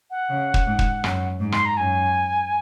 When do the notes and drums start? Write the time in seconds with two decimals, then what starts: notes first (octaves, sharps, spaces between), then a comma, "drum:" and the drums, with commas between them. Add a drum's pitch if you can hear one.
0.11 F#5
0.29 C#3
0.54 drum: kick
0.67 G#2
0.79 drum: kick
1.04 F#2, drum: rim click
1.40 G#2
1.52 C6, drum: rim click
1.65 A#5
1.77 F#2 G#5